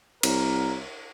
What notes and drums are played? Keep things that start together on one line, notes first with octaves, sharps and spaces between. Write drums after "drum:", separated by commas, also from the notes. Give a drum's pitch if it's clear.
C2 A#4, drum: cymbal